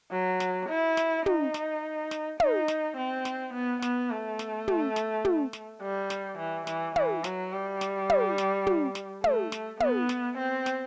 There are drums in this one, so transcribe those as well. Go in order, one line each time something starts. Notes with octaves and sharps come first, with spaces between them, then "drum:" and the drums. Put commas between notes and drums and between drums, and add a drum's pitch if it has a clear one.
F#3
drum: snare
E4
drum: snare
D#4, drum: tom
drum: snare
drum: snare
D#4, drum: tom
drum: snare
C4
drum: snare
B3
B3, drum: snare
A3
drum: snare
drum: tom
drum: snare
drum: tom
drum: snare
G3
drum: snare
E3
E3, drum: snare
E3, drum: tom
F#3, drum: snare
G3
drum: snare
drum: tom
drum: snare
drum: tom
drum: snare
A3, drum: tom
drum: snare
B3, drum: tom
drum: snare
C4
drum: snare